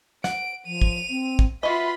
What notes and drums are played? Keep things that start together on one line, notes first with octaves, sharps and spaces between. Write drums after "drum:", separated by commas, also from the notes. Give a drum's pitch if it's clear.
F#5 D7, drum: snare
F3 D#7 F7
drum: kick
C4
drum: kick
F4 F#4 B4 D#5 E5 B5 C6